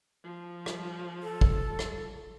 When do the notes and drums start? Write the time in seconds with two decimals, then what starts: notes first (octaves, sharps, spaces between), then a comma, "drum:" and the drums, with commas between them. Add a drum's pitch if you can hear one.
0.23 F3
0.66 drum: rim click
1.23 A4
1.41 drum: kick
1.79 drum: rim click